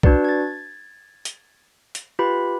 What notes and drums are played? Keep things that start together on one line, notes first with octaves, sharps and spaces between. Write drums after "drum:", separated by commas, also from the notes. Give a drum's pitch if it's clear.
D4 F#4 B4 D5, drum: kick B1
G#6 A6
drum: hi-hat
drum: hi-hat
F4 G4 B4 B5